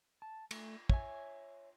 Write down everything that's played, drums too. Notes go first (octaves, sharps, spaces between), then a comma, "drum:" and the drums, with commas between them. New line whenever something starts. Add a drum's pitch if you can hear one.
A5
A3, drum: cymbal
C#5 E5 G#5, drum: kick